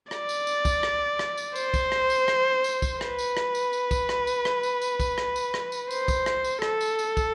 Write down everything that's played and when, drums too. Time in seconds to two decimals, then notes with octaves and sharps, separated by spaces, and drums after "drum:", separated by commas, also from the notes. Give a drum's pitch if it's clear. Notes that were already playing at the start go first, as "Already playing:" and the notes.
0.11 D5, drum: rim click
0.29 drum: tambourine
0.47 drum: tambourine
0.65 drum: kick, tambourine
0.83 drum: rim click
1.19 drum: rim click
1.37 drum: tambourine
1.56 C5, drum: tambourine
1.74 drum: kick, tambourine
1.92 drum: rim click
2.10 drum: tambourine
2.28 drum: rim click
2.64 drum: tambourine
2.82 drum: kick, tambourine
3.01 B4, drum: rim click
3.19 drum: tambourine
3.37 drum: rim click
3.55 drum: tambourine
3.73 drum: tambourine
3.91 drum: kick, tambourine
4.09 drum: rim click
4.27 drum: tambourine
4.45 drum: rim click
4.63 drum: tambourine
4.81 drum: tambourine
5.00 drum: kick, tambourine
5.18 drum: rim click
5.36 drum: tambourine
5.54 drum: rim click
5.72 drum: tambourine
5.91 C5, drum: tambourine
6.08 drum: kick, tambourine
6.26 drum: rim click
6.44 drum: tambourine
6.62 A4, drum: rim click
6.81 drum: tambourine
6.99 drum: tambourine
7.17 drum: kick, tambourine